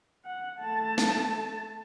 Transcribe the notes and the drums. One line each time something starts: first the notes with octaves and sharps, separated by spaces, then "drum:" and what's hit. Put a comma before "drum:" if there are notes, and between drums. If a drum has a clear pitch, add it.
F#5
A3 A5
drum: snare